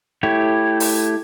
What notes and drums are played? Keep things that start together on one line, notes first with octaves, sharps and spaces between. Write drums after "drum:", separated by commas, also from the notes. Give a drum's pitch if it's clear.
A3 E4 G4 C#5
drum: open hi-hat